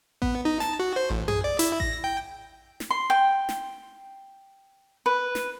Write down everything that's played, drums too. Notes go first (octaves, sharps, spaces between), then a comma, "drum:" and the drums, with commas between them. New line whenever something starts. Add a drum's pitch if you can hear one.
B3, drum: kick A1
D#4
A5, drum: snare
F#4
C5
A1
G#4, drum: tom F#2
D5
E4, drum: hi-hat
A#6, drum: kick A1
G5
drum: snare
C6
G5
drum: snare
B4
drum: snare